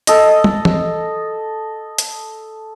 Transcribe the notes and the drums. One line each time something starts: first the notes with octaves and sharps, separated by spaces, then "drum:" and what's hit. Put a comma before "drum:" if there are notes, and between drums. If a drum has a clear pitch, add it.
A4 D#5, drum: hi-hat
drum: tom
drum: tom
drum: hi-hat